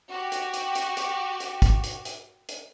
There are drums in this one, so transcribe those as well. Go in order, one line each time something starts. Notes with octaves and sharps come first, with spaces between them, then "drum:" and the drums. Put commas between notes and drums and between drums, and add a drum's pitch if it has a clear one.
F#4 G4
drum: hi-hat
drum: hi-hat
drum: hi-hat
drum: hi-hat
drum: hi-hat
drum: kick, hi-hat
drum: hi-hat
drum: hi-hat
drum: hi-hat